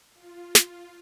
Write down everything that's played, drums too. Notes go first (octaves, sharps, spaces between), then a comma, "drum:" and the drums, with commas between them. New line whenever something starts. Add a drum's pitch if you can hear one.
F4
drum: snare